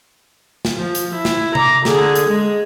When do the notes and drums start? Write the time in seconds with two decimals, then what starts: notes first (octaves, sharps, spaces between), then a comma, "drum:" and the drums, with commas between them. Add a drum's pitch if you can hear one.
0.65 drum: snare
0.77 F3
0.95 drum: hi-hat
1.14 E4
1.25 drum: snare
1.55 A#5 D6, drum: tom C3
1.85 D3 G#4, drum: snare
2.15 drum: hi-hat
2.29 G#3